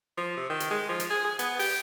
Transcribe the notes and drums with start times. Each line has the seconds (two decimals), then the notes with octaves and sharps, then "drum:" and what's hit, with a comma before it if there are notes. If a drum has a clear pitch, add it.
0.17 F3
0.37 C3
0.50 D#3
0.60 drum: hi-hat
0.71 G#3
0.89 F3
1.00 drum: hi-hat
1.10 G#4
1.24 G#4
1.39 B3, drum: hi-hat
1.59 G4, drum: open hi-hat